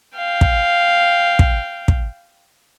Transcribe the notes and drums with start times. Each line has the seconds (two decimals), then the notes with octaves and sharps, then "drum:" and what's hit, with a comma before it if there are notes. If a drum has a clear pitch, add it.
0.17 F5 G5
0.41 drum: kick
1.39 drum: kick
1.88 drum: kick